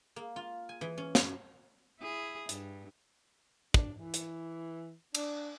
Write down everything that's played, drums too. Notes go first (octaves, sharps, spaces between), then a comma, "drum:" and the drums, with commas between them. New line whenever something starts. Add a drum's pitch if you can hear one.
A#3
F4
G#5
E3
C#4
F#2, drum: snare
E4 G#4
G2, drum: hi-hat
D4, drum: kick
E3
drum: hi-hat
D4, drum: cymbal